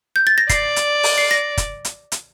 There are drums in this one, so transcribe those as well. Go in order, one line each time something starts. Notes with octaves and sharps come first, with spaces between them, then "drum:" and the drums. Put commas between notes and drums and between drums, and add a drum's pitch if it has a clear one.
G6
A6
A#6
D5 C7, drum: kick, hi-hat
drum: hi-hat
drum: open hi-hat
C7
A#6
drum: kick, hi-hat
drum: hi-hat
drum: hi-hat